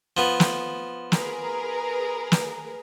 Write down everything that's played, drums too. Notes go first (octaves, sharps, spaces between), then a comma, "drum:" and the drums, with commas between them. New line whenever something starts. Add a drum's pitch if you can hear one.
F3 B3
drum: snare
G#4 A#4 B4, drum: snare
drum: snare